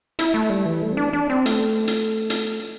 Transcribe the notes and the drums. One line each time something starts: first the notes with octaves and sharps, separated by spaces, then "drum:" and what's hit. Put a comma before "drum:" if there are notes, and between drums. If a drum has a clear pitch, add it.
E4, drum: hi-hat
A3
G3
E3
A3
C4
D4
D4
C4
A3, drum: hi-hat
drum: hi-hat
drum: hi-hat